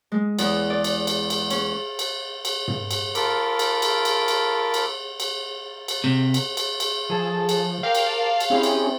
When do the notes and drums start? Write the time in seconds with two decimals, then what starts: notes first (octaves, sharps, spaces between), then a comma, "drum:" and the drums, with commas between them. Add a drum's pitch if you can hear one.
0.12 G#3
0.39 E2, drum: cymbal
0.70 D5
0.84 drum: cymbal
1.07 drum: cymbal
1.30 drum: cymbal
1.50 C#4, drum: cymbal
1.99 drum: cymbal
2.45 drum: cymbal
2.68 drum: tom
2.91 drum: cymbal
3.15 F4 A4 A#4 B5 D6, drum: cymbal
3.59 drum: cymbal
3.82 drum: cymbal
4.05 drum: cymbal
4.28 drum: cymbal
4.74 drum: cymbal
5.20 drum: cymbal
5.88 drum: cymbal
6.04 C3
6.34 drum: cymbal
6.57 drum: cymbal
6.80 drum: cymbal
7.09 F3 G#4 A4 A5
7.49 drum: cymbal
7.83 A#4 F5 G5 D6
7.95 drum: cymbal
8.06 A5
8.40 drum: cymbal
8.50 C4 C#4 E4 G4 G#4
8.63 drum: cymbal